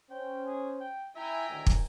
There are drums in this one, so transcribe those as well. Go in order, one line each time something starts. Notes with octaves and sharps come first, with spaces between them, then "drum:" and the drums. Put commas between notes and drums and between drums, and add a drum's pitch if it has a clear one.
C#4 C5 G5
G#4
G5
E4 E5 G5 G#5 A#5
D2 A2 D#3
drum: kick